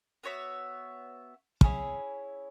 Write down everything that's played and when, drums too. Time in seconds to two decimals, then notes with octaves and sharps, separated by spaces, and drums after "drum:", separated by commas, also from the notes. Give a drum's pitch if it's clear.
0.23 B3 F#4 C#5 E5
1.61 C#4 E4 G#4 C#5, drum: kick